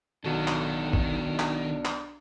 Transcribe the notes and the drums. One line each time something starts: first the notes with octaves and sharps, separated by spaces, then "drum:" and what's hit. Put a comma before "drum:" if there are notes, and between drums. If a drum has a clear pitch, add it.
B1 D#3 B3 D4 F#4 A4 E7
drum: clap
drum: kick G#1
drum: clap
drum: clap